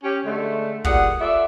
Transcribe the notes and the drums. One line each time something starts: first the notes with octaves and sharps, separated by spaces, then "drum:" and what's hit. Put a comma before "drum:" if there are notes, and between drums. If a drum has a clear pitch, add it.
C#4 G4
D3 G#3 A3
A#2 G3 G#4 F#5, drum: kick
F4 A4 D5 E5